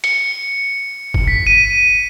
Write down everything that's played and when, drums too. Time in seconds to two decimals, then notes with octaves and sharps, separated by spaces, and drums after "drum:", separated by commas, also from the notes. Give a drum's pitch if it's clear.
0.04 C#7, drum: hi-hat
1.14 drum: kick F#1
1.28 B6
1.47 D#7